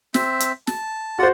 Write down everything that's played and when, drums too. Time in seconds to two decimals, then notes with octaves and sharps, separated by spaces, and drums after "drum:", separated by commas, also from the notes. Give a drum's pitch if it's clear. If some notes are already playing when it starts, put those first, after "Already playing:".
0.14 C4 E5, drum: snare
0.40 drum: hi-hat
0.67 A5, drum: snare
1.19 F4 F#4 C5 D5 F#5